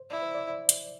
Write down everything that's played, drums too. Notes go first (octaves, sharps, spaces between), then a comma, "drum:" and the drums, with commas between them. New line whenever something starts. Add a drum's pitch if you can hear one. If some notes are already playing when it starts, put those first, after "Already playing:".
Already playing: C5
E4 D5
C5
D5
drum: hi-hat